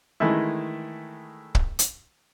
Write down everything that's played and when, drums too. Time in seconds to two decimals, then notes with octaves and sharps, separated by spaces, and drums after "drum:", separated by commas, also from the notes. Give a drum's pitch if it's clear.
0.20 D#3 E3 G#3 A3 E4
1.55 drum: kick
1.79 drum: hi-hat